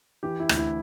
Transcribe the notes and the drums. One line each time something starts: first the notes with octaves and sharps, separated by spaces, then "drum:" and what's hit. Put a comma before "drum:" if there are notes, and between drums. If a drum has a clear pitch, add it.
E3 G4
E4
D2, drum: rim click
E4